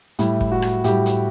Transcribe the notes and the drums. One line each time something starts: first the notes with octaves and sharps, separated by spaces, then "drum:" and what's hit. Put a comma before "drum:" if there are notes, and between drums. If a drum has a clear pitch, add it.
A2 G3 E4, drum: hi-hat
drum: kick
F#4
drum: rim click
A2 G3 G4, drum: hi-hat
drum: hi-hat